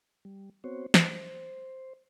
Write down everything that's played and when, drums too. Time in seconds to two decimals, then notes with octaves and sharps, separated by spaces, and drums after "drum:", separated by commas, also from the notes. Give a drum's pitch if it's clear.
0.25 G3
0.64 B3 C4 F#4 C5 C#5
0.94 C5, drum: snare